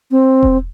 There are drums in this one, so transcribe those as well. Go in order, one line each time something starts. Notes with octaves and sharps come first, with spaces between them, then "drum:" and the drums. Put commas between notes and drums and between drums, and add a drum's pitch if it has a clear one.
C4
drum: kick E1